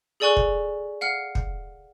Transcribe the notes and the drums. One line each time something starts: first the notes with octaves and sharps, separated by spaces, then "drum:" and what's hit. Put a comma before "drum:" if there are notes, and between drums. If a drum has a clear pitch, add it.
G#4 A4 D5 G#5 C#6 F#6
drum: kick
F5 F#5 F6
drum: kick